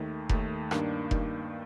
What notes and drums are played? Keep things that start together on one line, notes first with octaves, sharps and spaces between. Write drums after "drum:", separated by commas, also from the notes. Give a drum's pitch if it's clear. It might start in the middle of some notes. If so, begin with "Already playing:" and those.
Already playing: D#2 D#3 A3
D#2 D#3 A3, drum: kick F1
G2 D#3 A#3 D4, drum: rim click
G2 D#3 A#3 D4, drum: kick F1